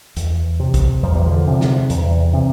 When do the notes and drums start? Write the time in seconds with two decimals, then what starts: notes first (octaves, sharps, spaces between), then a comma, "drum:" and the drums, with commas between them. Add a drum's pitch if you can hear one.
0.16 E2, drum: hi-hat
0.60 C3
0.74 drum: kick A1, hi-hat
1.03 E2 F3
1.15 G3
1.26 D3 F3
1.47 C3
1.61 drum: snare
1.90 E2, drum: hi-hat
2.33 C3